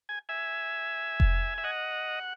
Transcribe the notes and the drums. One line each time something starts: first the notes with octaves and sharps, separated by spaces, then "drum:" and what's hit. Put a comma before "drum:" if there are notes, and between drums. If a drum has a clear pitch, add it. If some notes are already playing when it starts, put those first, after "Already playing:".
G#5
E5 G#5
drum: kick F1
E5
D#5 F#5